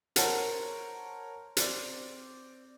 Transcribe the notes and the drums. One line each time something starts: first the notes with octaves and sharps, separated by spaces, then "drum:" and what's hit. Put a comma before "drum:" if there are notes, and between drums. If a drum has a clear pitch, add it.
A#4 C5 C#5 F#5 A5, drum: hi-hat
C4 D5, drum: hi-hat